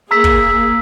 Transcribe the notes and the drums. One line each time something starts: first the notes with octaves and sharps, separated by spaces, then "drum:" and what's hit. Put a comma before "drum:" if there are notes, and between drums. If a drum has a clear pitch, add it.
A#3 G#4 A#5 E6 B6
drum: kick